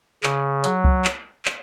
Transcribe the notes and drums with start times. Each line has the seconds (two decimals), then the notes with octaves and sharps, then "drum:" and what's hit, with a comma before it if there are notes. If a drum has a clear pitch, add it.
0.23 C#3, drum: clap
0.64 F#3, drum: hi-hat
0.84 drum: kick C2
1.05 drum: clap
1.45 drum: clap